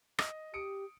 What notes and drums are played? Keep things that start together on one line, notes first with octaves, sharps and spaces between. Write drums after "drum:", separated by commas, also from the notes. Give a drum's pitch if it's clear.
D#5, drum: rim click
G4 D#6 C#7 D7